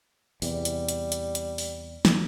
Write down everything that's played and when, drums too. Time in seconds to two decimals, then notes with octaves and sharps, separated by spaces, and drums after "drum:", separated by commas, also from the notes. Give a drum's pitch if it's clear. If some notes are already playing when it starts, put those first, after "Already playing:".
0.42 E2 C3 G3, drum: open hi-hat
0.65 drum: hi-hat
0.89 drum: hi-hat
1.12 drum: hi-hat
1.35 drum: hi-hat
1.58 drum: open hi-hat
2.05 drum: snare